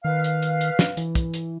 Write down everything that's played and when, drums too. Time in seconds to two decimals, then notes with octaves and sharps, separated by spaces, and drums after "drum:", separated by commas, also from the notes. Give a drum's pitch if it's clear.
0.05 D#3 B4 F5
0.24 drum: hi-hat
0.43 drum: hi-hat
0.61 drum: hi-hat
0.79 drum: snare
0.97 E3, drum: hi-hat
1.15 drum: kick, hi-hat
1.34 drum: hi-hat